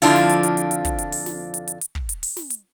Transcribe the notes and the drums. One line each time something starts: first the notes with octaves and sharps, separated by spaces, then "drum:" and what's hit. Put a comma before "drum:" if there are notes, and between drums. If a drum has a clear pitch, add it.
F2 D3 F3 D4 E4 F4, drum: open hi-hat
drum: snare
drum: hi-hat
drum: hi-hat
drum: hi-hat
drum: hi-hat
drum: kick, hi-hat
drum: hi-hat
drum: open hi-hat
drum: snare
drum: hi-hat
drum: hi-hat
drum: hi-hat
drum: kick
drum: hi-hat
drum: open hi-hat
drum: snare
drum: hi-hat